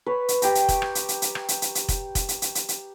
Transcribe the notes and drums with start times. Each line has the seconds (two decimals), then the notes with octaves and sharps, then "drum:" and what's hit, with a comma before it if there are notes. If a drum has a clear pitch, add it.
0.06 B4 C#5
0.28 drum: hi-hat
0.42 G4 G5 A#5, drum: hi-hat
0.55 drum: hi-hat
0.68 drum: kick F1, hi-hat
0.82 drum: rim click
0.95 drum: hi-hat
1.09 drum: hi-hat
1.22 drum: hi-hat
1.35 drum: rim click
1.49 drum: hi-hat
1.62 drum: hi-hat
1.75 drum: hi-hat
1.89 drum: kick F1, hi-hat
2.15 drum: kick F1, hi-hat
2.29 drum: hi-hat
2.42 drum: hi-hat
2.55 drum: hi-hat
2.69 drum: hi-hat